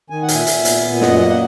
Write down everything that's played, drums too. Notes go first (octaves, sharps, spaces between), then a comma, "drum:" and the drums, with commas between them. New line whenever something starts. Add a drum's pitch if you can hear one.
D#3 G#5
F#5
A#2, drum: hi-hat
E5 G#5
A#2, drum: hi-hat
B3, drum: hi-hat
A#2
G#5
F#2 D#5 F#5, drum: snare
A#3 D#5 F#5
F#5